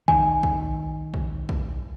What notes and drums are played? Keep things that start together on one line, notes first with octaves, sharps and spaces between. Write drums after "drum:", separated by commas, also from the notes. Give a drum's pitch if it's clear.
D#3 G#5, drum: kick
drum: kick
drum: kick
drum: kick